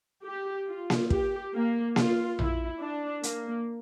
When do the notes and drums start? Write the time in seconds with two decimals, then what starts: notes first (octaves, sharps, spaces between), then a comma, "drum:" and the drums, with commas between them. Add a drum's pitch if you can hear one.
0.25 G4
0.67 F4
0.90 drum: snare A#3
1.10 G4, drum: kick
1.54 A#3
1.96 F4, drum: snare A#3
2.39 E4, drum: tom A#1
2.81 D4
3.23 A#3, drum: hi-hat